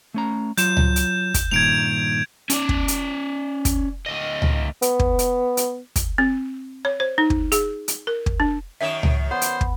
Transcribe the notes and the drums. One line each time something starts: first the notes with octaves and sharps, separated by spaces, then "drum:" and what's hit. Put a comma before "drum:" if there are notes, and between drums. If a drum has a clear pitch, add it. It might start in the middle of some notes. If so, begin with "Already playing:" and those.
A3 C#4 A#5
F#3 F4 G6 E7, drum: hi-hat
drum: tom C#2
drum: hi-hat
drum: kick, hi-hat
G2 A#2 D#3 G#6 D7 F7
C#4 D5, drum: hi-hat
drum: kick
drum: hi-hat
drum: kick, hi-hat
D2 D#5
drum: tom C#2
B3, drum: hi-hat
drum: kick
drum: hi-hat
drum: hi-hat
drum: kick, hi-hat
C4
C#5
C5
D#4
drum: kick
G#4, drum: hi-hat
drum: hi-hat
A#4
drum: kick
D4
F#2 D#3 C#5 E5 E7
drum: tom C#2
B3 C5
drum: hi-hat
drum: kick